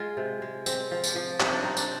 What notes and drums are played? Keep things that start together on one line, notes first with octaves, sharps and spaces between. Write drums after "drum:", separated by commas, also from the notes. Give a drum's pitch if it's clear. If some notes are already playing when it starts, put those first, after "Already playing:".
Already playing: G#3 F4
C3
G#3
C4, drum: tambourine
F3
drum: tambourine
F3
C3 D#4, drum: clap
D4
C4 D#4
D4, drum: tambourine